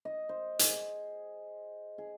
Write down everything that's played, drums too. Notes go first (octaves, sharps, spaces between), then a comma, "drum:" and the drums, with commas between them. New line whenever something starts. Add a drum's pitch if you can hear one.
D#5
C5
G#4, drum: hi-hat
G#4